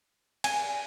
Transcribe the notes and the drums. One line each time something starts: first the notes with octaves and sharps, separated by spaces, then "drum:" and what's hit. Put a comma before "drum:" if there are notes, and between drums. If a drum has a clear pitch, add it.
G#5, drum: cymbal